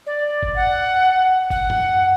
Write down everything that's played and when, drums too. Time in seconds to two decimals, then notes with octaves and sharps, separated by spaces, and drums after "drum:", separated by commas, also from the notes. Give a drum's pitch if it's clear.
0.06 D5
0.43 drum: kick G1
0.56 F#5
1.50 F#5, drum: kick G1
1.70 drum: tom F#2